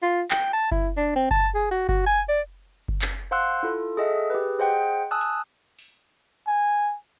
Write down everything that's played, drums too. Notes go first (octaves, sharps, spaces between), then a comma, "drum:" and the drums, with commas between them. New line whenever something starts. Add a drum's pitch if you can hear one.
F4
G5, drum: clap
A5
E4, drum: kick F#1
D4
C4
A5, drum: kick F#1
G#4
F#4
F#4, drum: kick F#1
G#5
D5
drum: kick F#1
drum: clap
C5 F5 F#5 C6 E6 F#6
E4 F4 A4
G#4 A4 D#5 E5 F#5
G4 G#4 B4
G#4 C5 D#5 F#5 G5
G#5 A5 D#6 E6 F#6
drum: hi-hat
drum: open hi-hat
G#5